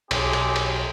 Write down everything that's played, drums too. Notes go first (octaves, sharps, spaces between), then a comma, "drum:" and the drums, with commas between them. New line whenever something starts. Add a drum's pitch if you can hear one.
B1 C4 G4 G#4, drum: cymbal
drum: cymbal
drum: cymbal